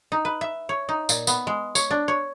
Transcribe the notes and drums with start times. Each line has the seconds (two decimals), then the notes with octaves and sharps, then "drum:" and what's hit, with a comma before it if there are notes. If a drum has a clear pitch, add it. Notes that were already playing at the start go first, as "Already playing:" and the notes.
0.12 D#4
0.25 B4
0.41 E5
0.69 C#5
0.89 D#4
1.09 A#2, drum: tambourine
1.27 B3, drum: tambourine
1.47 G#3
1.75 C#5, drum: tambourine
1.91 D4
2.08 C#5